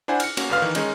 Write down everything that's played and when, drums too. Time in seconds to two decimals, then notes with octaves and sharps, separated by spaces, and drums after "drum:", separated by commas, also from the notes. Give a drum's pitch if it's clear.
0.08 D4 E4 C5 F#5 G#5
0.20 F6 C#7, drum: cymbal
0.37 A#3 C#4 F#4, drum: cymbal
0.49 G#1 D#2 D3 B4 F5 F6
0.62 D#3 E3
0.75 D#3 G#3 C#4 D#4, drum: cymbal